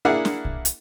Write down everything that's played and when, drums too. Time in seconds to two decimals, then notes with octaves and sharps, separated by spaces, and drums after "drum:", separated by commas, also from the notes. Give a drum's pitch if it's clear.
0.05 A#3 D4 E4 G#4 F#5 F6
0.25 drum: snare
0.45 drum: kick
0.65 drum: hi-hat